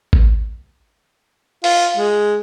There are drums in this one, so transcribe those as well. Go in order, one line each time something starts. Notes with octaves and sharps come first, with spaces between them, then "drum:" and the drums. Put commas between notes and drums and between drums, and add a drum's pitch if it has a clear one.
drum: kick G#1
F4, drum: open hi-hat
G#3